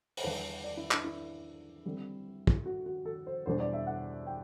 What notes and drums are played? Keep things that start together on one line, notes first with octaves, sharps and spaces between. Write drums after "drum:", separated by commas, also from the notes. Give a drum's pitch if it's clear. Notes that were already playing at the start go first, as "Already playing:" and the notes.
C5, drum: open hi-hat
E2 D3 G3 B4
D5
E4
D4, drum: clap
E4
D3 G3 C4
drum: kick
F#4
F#4
A4
C5
E2 B2 G3 D4 C5
D5
E5
F#5
G5